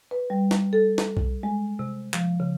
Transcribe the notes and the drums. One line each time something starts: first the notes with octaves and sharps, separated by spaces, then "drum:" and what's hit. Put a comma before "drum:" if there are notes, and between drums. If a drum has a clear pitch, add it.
B4
G3
drum: snare
A4
drum: snare
drum: kick B1
G#3
C3
F3, drum: clap
C#3